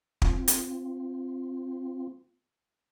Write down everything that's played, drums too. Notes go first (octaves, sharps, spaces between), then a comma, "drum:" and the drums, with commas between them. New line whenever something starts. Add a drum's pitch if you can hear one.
C4 F4, drum: kick
drum: hi-hat